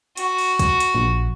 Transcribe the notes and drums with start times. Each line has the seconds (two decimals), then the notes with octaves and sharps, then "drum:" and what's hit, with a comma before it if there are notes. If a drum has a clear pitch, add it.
0.17 F#4, drum: hi-hat
0.38 drum: open hi-hat
0.59 drum: kick, hi-hat
0.80 drum: hi-hat
0.95 A#1